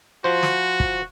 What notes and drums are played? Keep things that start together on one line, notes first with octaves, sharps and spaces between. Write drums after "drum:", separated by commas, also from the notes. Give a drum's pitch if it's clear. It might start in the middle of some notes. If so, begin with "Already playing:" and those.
F3 F#4 C5
drum: snare
drum: kick